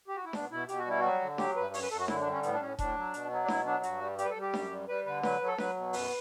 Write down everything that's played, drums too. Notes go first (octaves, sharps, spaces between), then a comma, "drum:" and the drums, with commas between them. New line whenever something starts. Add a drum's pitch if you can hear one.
G4
F#4
E4
B2 D4, drum: snare D4
B2 E4
B2 G4, drum: hi-hat
F#4
G3 E4
F#3 F#4
D3
F#3 G4, drum: snare D4
G2 B4
F#2 C#5, drum: open hi-hat
B4
F#2 A4
F#4
D3 E4, drum: snare D4
D4
G3
C#4
A2 B3, drum: hi-hat
D4
A2 C#4
A2 D4, drum: kick E1, hi-hat
F#3
B2, drum: hi-hat
F#3
D4
B2 E4, drum: snare D4
F#3 D4
G2 F#4, drum: hi-hat
G3
G3 G4, drum: hi-hat
B4
A4
G3
G4
F#2, drum: snare D4
G3
G3 B4
D3 B4
F#3 B4, drum: snare D4
F#3
A4
F#3 B4, drum: snare D4
B2
F#2 B4, drum: open hi-hat